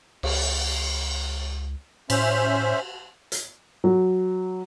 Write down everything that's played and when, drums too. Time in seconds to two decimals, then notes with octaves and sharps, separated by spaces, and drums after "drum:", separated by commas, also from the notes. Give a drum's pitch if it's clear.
0.23 C#2, drum: cymbal
2.10 A2 C#4 C5 E5, drum: cymbal
3.32 drum: hi-hat
3.84 F#3